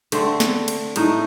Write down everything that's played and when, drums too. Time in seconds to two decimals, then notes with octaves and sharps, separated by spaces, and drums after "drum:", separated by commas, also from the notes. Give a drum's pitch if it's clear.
0.12 D3 A3 C4, drum: cymbal
0.40 drum: snare
0.68 drum: cymbal
0.96 A2 A3 D#4, drum: cymbal